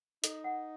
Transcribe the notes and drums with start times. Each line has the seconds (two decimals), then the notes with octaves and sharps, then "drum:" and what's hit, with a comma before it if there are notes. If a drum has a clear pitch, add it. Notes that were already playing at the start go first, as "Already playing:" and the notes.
0.24 D#4 A4, drum: hi-hat
0.44 F#5